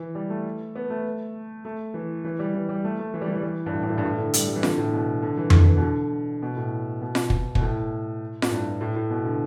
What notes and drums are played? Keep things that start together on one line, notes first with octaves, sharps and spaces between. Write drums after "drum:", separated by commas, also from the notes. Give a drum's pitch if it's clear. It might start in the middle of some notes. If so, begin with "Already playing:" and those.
Already playing: E3
G3
A3
B3
A3
A3
E3
E3
G3
E3
G3
A3
A3
E3
G3
E3
G3
E3
G2
A2
G2
A2
G2
A2
D3
G3, drum: hi-hat
G3
E3
D3, drum: snare F4
A2
B2
D3
E3
D3, drum: tom F2
E3
B2
D3
B2
A2
B2
drum: snare F4
drum: kick
B2, drum: kick
A2
A2, drum: snare F4
G2
A2
A2
B2
D3